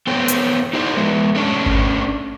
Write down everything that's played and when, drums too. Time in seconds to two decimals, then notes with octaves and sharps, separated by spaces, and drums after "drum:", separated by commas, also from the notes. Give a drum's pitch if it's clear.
0.07 B3 A4 C5 C#5 G5
0.28 drum: hi-hat
0.73 D#4 E4 G4 C5 D5
0.97 G#3 B3
1.35 A3 C#4 D4
1.66 drum: kick G#1